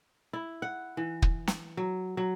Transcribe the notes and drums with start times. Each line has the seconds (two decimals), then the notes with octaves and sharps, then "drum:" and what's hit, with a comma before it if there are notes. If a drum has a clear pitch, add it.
0.33 E4
0.62 F#5
0.97 E3
1.22 drum: kick
1.47 drum: snare
1.77 F#3
2.17 F#3